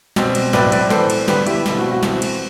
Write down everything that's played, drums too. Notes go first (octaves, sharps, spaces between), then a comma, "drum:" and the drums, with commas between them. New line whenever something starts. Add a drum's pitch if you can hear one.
B2 G3 C4, drum: snare
drum: cymbal
A2 F#3 C4 B4 D5, drum: snare
B4 D5, drum: cymbal
E3 B3 A4 C5, drum: snare
drum: cymbal
D3 G3 B3 G4 B4, drum: snare
E4 G4, drum: cymbal
B2 A3 C4 E4, drum: snare
F#4
F#4
E3 A3 C4, drum: snare
drum: cymbal